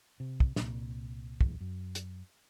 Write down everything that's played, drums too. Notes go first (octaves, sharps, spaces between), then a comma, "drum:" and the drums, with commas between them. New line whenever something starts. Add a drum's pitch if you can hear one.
C3
drum: kick
C2 A#2, drum: snare
D1 A#1 E2, drum: kick
F#2
drum: hi-hat